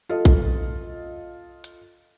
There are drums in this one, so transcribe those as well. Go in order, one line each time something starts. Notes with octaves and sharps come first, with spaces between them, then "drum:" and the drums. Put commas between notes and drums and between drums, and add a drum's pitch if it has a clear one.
F4 A4 D#5
drum: kick A#1
drum: hi-hat